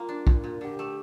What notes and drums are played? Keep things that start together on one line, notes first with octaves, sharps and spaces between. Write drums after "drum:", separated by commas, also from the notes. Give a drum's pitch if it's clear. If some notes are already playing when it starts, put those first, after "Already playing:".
Already playing: G3 A#3 F4
D4
A#2, drum: kick
A#2
D3 G4
A3